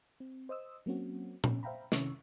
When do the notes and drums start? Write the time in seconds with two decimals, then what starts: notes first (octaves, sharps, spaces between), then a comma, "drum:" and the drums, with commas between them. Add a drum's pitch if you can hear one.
0.20 C4
0.49 C5 D#5 D#6 E6
0.86 F#3 A#3 C4 C#4 F#4
1.44 C#4, drum: tom
1.63 C5 E5 F5 G5 A#5 B5
1.92 C3 D#3 C#4 E4 C#6 E6, drum: snare